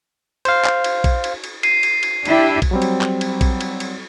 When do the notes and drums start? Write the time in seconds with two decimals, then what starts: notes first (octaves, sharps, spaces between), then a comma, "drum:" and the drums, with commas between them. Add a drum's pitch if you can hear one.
0.45 C5 F5, drum: cymbal
0.65 drum: clap
0.84 drum: cymbal
1.04 drum: kick, cymbal
1.24 drum: cymbal
1.44 drum: cymbal
1.63 C7 D#7, drum: cymbal
1.83 drum: cymbal
2.03 drum: cymbal
2.25 D4 E4 G4, drum: cymbal
2.62 drum: kick, cymbal
2.71 F#3 G3 C4
2.82 drum: cymbal
3.01 drum: clap
3.21 drum: cymbal
3.41 drum: kick, cymbal
3.61 drum: cymbal
3.80 drum: cymbal